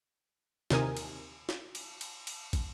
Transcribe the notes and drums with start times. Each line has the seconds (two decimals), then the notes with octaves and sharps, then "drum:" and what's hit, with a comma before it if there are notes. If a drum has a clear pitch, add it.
0.70 D#2 C3 D#4 A#4 G#5 D#6, drum: snare
0.97 drum: cymbal
1.49 drum: snare
1.75 drum: cymbal
2.01 drum: cymbal
2.27 drum: cymbal
2.53 drum: kick, cymbal